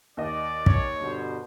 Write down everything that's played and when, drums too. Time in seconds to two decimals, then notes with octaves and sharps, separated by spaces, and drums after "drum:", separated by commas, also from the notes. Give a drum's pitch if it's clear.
0.17 D#2 D5 D#5
0.66 C#5, drum: kick
1.00 G2 B2 D3 C5